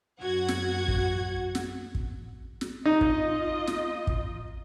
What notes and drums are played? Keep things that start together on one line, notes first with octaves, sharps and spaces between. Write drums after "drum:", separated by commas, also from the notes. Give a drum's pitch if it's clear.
F#2 F#4 F#5 G#6
drum: snare
drum: kick
drum: snare
drum: kick
drum: snare
D#4 F4 D#5
drum: kick
drum: snare
drum: kick